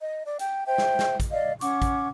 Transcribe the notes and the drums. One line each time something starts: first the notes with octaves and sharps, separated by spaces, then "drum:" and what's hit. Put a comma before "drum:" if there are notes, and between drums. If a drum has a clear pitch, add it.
D#5
D5
G5, drum: hi-hat
C5 E5 G5
drum: snare
drum: snare
drum: kick, hi-hat
D5 D#5 F5
C#4 F#5 C#6 D6, drum: hi-hat
drum: kick, hi-hat